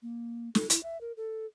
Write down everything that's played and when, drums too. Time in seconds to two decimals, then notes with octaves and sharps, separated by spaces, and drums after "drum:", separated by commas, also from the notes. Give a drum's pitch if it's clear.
0.02 A#3
0.55 A4, drum: snare
0.70 E4, drum: hi-hat
0.83 E5
1.01 A#4
1.17 A4